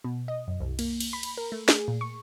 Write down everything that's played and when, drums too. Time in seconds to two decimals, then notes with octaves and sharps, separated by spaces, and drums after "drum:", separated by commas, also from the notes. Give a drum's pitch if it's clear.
0.04 B2
0.28 D#5
0.48 F#2
0.60 C2
0.79 A#3, drum: cymbal
1.00 drum: cymbal
1.13 B5
1.23 drum: cymbal
1.37 A#4
1.52 A3
1.69 G#4, drum: snare
1.88 A#2
2.01 C#6